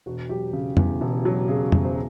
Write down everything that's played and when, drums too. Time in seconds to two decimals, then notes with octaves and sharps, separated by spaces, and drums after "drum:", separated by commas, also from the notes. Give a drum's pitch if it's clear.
0.06 E1 F#4
0.29 F#3 G4
0.53 C#3
0.77 E2, drum: tom F2
1.01 E1
1.25 F#3
1.48 C#3 G#4
1.72 E2, drum: tom F2
1.84 C5